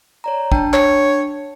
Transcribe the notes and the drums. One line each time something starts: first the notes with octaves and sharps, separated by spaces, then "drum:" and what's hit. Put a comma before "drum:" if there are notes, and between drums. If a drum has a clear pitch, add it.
C#5 D5 A#5
D4 G5 A5, drum: kick
C#5, drum: clap